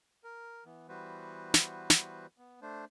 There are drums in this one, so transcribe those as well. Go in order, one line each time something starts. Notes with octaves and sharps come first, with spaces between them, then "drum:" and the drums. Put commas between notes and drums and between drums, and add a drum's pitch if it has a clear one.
A#4
E3 B3
E3 G3 B3 F#4 B4 C5
drum: snare
drum: snare
B3
A3 D4 C5